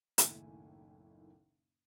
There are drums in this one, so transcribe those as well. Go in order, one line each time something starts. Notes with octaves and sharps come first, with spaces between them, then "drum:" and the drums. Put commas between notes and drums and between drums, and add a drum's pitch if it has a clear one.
F#1 B1 A2 D#3 E4 G#5, drum: hi-hat